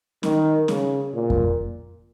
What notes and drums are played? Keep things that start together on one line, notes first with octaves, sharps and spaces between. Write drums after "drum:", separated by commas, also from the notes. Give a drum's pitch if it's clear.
D#3, drum: snare C#4
C#3, drum: snare C#4
A#2
drum: kick F2